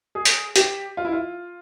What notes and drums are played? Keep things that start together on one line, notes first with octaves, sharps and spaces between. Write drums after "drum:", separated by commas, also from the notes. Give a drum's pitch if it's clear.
G#4
drum: hi-hat
G4, drum: hi-hat
F4
E4
F4